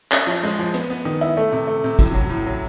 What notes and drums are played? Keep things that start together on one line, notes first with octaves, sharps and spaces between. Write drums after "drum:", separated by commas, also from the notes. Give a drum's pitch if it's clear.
C#4, drum: clap
F3
G#3
F3
B3, drum: hi-hat
B3
D#3
E4
A3
C3
A3
C3
A2, drum: kick, hi-hat
F#3
A2
F#3